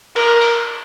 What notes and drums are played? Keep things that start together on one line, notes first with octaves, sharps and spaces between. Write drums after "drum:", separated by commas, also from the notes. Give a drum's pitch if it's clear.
A#4, drum: cymbal
drum: open hi-hat